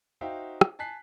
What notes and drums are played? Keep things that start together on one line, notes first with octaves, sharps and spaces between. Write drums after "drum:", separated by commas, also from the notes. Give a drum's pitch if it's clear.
D#4 F#4 C5 E5 F5 G5
drum: rim click
G#5 A5 F#6 B6 C7